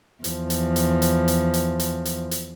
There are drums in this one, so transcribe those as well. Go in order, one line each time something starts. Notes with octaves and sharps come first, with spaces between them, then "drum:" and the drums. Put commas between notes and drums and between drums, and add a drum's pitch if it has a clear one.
E2 F3, drum: hi-hat
drum: hi-hat
drum: hi-hat
drum: hi-hat
drum: hi-hat
drum: hi-hat
drum: hi-hat
drum: hi-hat
drum: hi-hat